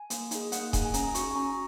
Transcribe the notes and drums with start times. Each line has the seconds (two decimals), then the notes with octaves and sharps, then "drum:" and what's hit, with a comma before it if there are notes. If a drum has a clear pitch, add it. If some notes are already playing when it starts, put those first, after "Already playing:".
Already playing: G#5
0.10 A#3, drum: hi-hat
0.31 D#4 G#4, drum: hi-hat
0.52 A#3 F#5, drum: hi-hat
0.73 D#4 G#4 G#5, drum: kick D#1, hi-hat
0.85 G#5
0.94 C#4 A#5, drum: hi-hat
1.15 F#4 C#6, drum: hi-hat
1.31 G#5
1.35 C#4 A#5